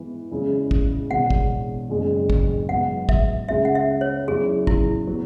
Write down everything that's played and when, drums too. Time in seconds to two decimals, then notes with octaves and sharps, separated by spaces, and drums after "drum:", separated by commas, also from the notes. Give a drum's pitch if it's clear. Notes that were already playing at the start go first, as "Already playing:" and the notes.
Already playing: G#2 E3 B3
0.31 E2 C#3 G#3 E4
0.71 drum: kick
1.11 E1 E2 B2 F#5
1.30 drum: kick
1.89 F#1 E2 C#3 G#3
2.30 drum: kick
2.69 G#2 F#3 B3 F#5
3.09 E5, drum: kick
3.49 C#2 C#3 G#3 E5
3.65 F#5
3.75 E5
4.01 C#5
4.28 E2 C#3 F#3 E4 G#4
4.67 E4, drum: kick
5.07 F#3 B3